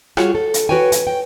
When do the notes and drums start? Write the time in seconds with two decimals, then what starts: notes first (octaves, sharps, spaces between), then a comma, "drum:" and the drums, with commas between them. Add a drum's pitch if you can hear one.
0.17 G3 F4 F#4 G#4 C#5, drum: rim click
0.35 A4
0.54 drum: hi-hat
0.69 F#4 G4 B4 C#5 G5 G#5
0.92 G#5, drum: hi-hat
1.07 G5